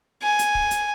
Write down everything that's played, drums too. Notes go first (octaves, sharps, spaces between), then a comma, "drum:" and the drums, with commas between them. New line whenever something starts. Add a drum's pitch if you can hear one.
G#5
drum: hi-hat
drum: kick
drum: hi-hat